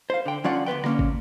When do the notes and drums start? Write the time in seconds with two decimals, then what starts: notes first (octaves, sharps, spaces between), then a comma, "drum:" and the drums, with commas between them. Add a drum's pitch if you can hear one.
0.10 C5 F5
0.26 D3 G5
0.44 D3 F3 C#4 F4 D5 F#5
0.66 D2 B3 B4 G5
0.84 D3 A#3 C#4, drum: rim click
0.99 drum: kick